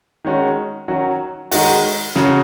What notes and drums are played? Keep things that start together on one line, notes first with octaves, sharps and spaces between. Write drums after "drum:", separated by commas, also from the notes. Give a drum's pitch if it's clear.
D#3 G#3 C#4 F#4
D#3 F#3 C#4 F#4
D#3 G#3 D#4 F#4, drum: open hi-hat
C#3 F#3 C#4 F#4, drum: snare